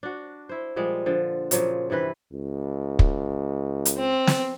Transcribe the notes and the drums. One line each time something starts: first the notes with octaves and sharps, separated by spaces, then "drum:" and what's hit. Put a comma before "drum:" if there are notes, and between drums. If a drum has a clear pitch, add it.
D4 F#4
E4 C5
A#2 F3 G3 G#3
D3 F3
A#2 C#3 F3 F#3, drum: hi-hat
G2 C3 E3 B4
C#2
drum: kick
drum: hi-hat
C4
drum: snare